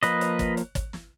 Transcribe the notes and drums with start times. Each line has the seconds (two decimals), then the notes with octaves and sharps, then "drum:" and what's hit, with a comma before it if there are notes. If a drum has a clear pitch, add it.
0.03 F3 A#3 B4 D#5, drum: hi-hat
0.21 drum: hi-hat
0.39 drum: kick, hi-hat
0.57 drum: hi-hat
0.75 drum: kick, hi-hat
0.93 drum: snare